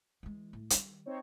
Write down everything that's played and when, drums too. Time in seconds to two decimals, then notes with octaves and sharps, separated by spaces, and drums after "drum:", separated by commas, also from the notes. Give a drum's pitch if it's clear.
0.23 E3 G#3
0.53 A2
0.70 D#3 G3, drum: hi-hat
1.06 C4 D#4 C#5